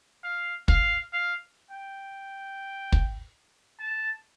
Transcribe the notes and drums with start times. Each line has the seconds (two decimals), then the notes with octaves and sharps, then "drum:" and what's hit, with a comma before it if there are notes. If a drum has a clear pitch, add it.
0.23 F5
0.68 F5, drum: kick
1.13 F5
1.71 G5
2.92 drum: kick
3.79 A5